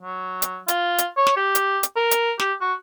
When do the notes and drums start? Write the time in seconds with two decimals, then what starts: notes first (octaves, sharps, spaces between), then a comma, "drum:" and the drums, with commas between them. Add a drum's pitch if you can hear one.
0.02 F#3
0.42 drum: hi-hat
0.68 F4, drum: hi-hat
0.98 drum: hi-hat
1.17 C#5
1.27 drum: snare
1.37 G4
1.55 drum: hi-hat
1.83 drum: hi-hat
1.96 A#4
2.11 drum: hi-hat
2.40 G4, drum: snare
2.61 F#4